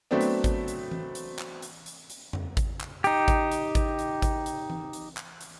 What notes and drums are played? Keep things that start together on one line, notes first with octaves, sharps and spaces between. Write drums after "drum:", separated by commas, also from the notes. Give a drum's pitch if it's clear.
F#3 A3 B3 C4 D4
drum: hi-hat
drum: kick G#1, hi-hat
drum: hi-hat
drum: tom E3
drum: hi-hat
drum: clap
drum: hi-hat
drum: hi-hat
drum: hi-hat
drum: tom F2
drum: kick G#1, hi-hat
drum: clap
D#4 G4, drum: hi-hat
drum: kick G#1, hi-hat
drum: hi-hat
drum: kick G#1, hi-hat
drum: hi-hat
drum: kick G#1, hi-hat
drum: hi-hat
drum: tom E3
drum: hi-hat
drum: clap
drum: hi-hat